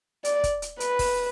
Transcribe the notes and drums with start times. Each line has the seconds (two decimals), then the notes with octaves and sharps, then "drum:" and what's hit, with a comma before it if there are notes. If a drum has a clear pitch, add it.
0.25 D5, drum: hi-hat
0.44 drum: kick, hi-hat
0.62 drum: hi-hat
0.80 B4, drum: hi-hat
0.99 drum: kick, open hi-hat